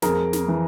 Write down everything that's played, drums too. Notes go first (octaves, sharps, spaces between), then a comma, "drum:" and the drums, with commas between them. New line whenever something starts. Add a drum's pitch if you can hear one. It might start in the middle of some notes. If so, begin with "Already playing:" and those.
F2 G#4 A#4, drum: snare
drum: snare
E3